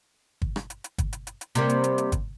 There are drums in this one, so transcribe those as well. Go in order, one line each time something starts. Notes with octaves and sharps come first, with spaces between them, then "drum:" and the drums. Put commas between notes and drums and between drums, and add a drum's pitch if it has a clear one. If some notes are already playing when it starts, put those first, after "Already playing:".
drum: kick
drum: rim click
drum: hi-hat
drum: hi-hat
drum: kick, hi-hat
drum: hi-hat
drum: hi-hat
drum: hi-hat
C3 G3 A#3, drum: hi-hat
drum: hi-hat
drum: hi-hat
drum: hi-hat
drum: kick, hi-hat